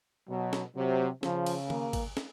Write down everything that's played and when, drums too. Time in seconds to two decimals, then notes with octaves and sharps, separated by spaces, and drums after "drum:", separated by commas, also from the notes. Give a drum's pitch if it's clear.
0.29 B2 F#3
0.53 drum: snare
0.76 C3 F#3
1.23 C#3 F3, drum: snare
1.46 drum: cymbal
1.70 A#3, drum: tom D#3
1.93 drum: kick, cymbal
2.17 drum: snare